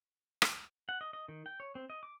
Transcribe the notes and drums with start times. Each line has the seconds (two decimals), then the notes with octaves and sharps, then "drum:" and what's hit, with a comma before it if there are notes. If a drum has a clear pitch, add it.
0.42 drum: rim click
0.89 F#5
1.01 D#5
1.13 D#5
1.28 D#3
1.46 G5
1.60 C#5
1.75 C4
1.90 D#5
2.03 D6